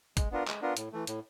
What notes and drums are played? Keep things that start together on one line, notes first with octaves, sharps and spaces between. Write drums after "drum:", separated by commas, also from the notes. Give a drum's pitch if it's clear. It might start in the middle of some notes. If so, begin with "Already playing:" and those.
G#3, drum: kick, hi-hat
B3 D4 F4 A#4
G#3, drum: clap
B3 D4 F4 A#4
A2, drum: hi-hat
E3 A3
A2, drum: hi-hat